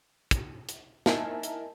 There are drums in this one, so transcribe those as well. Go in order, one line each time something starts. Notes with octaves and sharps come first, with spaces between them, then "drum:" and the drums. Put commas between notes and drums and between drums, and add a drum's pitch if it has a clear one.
drum: kick, hi-hat
drum: hi-hat
D#4 E4 A#4 E5 G#5 A5, drum: snare
drum: hi-hat